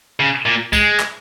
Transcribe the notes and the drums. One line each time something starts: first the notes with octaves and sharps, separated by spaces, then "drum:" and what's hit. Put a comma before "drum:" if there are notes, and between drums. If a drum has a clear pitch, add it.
C#3
A#2
G#3, drum: kick, tambourine
drum: clap